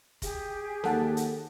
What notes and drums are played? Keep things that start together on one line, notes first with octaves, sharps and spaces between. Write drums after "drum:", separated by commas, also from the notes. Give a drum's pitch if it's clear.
G4 G#4, drum: kick F1, hi-hat
D#2 A4 F#5 A5, drum: snare
drum: hi-hat